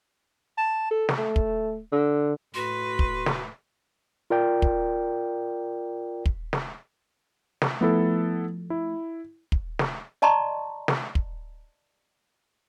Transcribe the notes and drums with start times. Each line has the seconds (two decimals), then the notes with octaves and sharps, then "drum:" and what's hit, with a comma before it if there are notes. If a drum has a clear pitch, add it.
0.57 A5
0.91 A4
1.09 drum: snare
1.18 A3
1.36 drum: kick
1.92 D3
2.54 A2 F#4 B4 C6
2.99 drum: kick
3.26 drum: snare
4.30 F4 A#4 D5 G5
4.62 drum: kick
6.26 drum: kick
6.53 drum: snare
7.62 drum: snare
7.81 F3 A3 B3 E4 A4
8.70 E4
9.52 drum: kick
9.79 drum: snare
10.22 D5 D#5 A5 A#5 C6 C#6
10.88 drum: snare
11.15 drum: kick